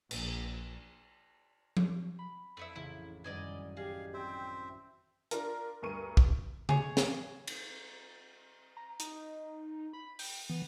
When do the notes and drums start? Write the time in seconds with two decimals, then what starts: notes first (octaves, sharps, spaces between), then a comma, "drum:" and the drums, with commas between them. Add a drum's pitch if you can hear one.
0.11 A#1, drum: cymbal
1.77 drum: tom F3
2.19 B5
2.57 F2 A3 E4 E5
2.76 A1 C#3 E4
3.24 F#2 D#3 G3 D5 D#5 G#5
3.77 G4 G#4 D5 D#5 F5
4.14 C4 C5 E5 G5
5.31 D4 F4 A#4, drum: hi-hat
5.82 D2 G2 A#4 C#6 D#7
6.17 drum: kick
6.69 G#4 C#5, drum: tom C#3
6.97 drum: snare
7.47 drum: cymbal
8.77 A#5
9.00 D#4, drum: hi-hat
9.93 B5
10.19 G5, drum: open hi-hat
10.50 E3 B3